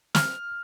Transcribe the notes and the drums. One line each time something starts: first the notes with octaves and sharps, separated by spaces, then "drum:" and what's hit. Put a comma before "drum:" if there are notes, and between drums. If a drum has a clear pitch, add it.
F6, drum: snare